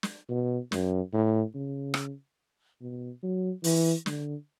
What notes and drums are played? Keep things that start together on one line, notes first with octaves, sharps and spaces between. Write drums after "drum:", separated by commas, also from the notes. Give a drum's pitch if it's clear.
drum: snare
B2
F#2, drum: snare
A2
C#3
drum: rim click
B2
F#3
E3, drum: open hi-hat
D3, drum: snare